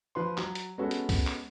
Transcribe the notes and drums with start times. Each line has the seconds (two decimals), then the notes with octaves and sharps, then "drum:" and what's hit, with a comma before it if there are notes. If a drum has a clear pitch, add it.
0.15 F3 B4 C6
0.38 F#3, drum: clap
0.55 drum: hi-hat
0.78 G#3 B3 C#4 F#4 A4
0.91 drum: hi-hat
1.09 drum: kick, open hi-hat
1.27 drum: clap